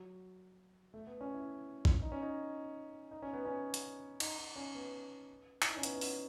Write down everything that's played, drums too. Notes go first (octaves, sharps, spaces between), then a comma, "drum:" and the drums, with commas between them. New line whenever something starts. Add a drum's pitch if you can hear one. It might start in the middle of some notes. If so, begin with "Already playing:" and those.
Already playing: F#3
A3
B3
C#4
E4
drum: kick A#1
D#4
C#4
D#4
D#4
C#4
B3
C#4
drum: hi-hat
D#4, drum: cymbal
D#4
C#4
B3
E4, drum: clap
D#4
C#4
B3, drum: hi-hat
B3
C#4, drum: open hi-hat